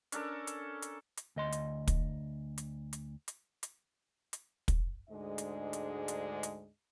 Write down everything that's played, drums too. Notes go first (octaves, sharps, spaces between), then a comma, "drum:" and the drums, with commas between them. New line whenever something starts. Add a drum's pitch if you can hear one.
C#4 D4 A4 A#4, drum: hi-hat
drum: hi-hat
drum: hi-hat
drum: hi-hat
D2 D#5 C6
drum: hi-hat
drum: kick, hi-hat
drum: hi-hat
drum: hi-hat
drum: hi-hat
drum: hi-hat
drum: hi-hat
drum: kick, hi-hat
D2 G#2 G#3 D4 D#5
drum: hi-hat
drum: hi-hat
drum: hi-hat
drum: hi-hat